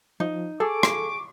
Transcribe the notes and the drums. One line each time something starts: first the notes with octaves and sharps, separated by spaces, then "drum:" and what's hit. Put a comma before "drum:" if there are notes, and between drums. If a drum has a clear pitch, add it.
F3 D#4
G#4 A4 C#6 D6
drum: rim click